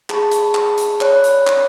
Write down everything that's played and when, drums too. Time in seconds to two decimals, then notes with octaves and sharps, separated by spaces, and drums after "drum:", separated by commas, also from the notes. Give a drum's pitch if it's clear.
0.10 G#4 A5 B5 C#6, drum: clap
0.31 drum: hi-hat
0.55 drum: clap
0.78 drum: hi-hat
1.01 C#5 D5 B5 F#6, drum: clap
1.24 drum: hi-hat
1.47 drum: clap